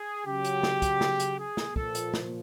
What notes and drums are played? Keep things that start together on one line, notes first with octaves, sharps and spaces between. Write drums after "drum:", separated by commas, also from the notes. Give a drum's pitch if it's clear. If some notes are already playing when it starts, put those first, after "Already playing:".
Already playing: G#4
C#3 F#3 G4
drum: hi-hat
drum: snare
drum: kick, hi-hat
drum: snare
drum: hi-hat
G#4
drum: snare
A#2 F3 A4, drum: kick
drum: hi-hat
drum: snare